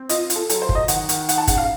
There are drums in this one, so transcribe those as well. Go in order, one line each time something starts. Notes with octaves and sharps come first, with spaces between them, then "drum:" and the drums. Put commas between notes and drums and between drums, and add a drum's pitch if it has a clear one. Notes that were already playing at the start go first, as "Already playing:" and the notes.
Already playing: C4
F4 D#5, drum: hi-hat
F4, drum: hi-hat
A4
F#3 A4, drum: hi-hat
C5
F#3, drum: kick
D#5
D#3 F#5, drum: hi-hat
D#3, drum: hi-hat
D#4 F#5, drum: hi-hat
A5
C#3 F#5, drum: kick, hi-hat
F5